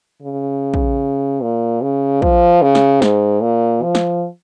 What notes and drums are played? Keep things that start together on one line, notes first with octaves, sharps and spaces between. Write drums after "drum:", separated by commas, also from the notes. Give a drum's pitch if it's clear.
C#3
drum: kick
A#2
C#3
F3, drum: kick
C#3
drum: snare
G#2, drum: snare
A#2
F3
drum: snare